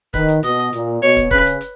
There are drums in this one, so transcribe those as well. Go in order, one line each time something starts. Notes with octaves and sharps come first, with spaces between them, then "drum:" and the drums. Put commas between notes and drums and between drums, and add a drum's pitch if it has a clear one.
D#3 B4, drum: kick, hi-hat
drum: hi-hat
B2 D#5, drum: hi-hat
A#2, drum: hi-hat
B2 C#5
drum: kick, hi-hat
C#3 B4, drum: kick
drum: hi-hat
drum: hi-hat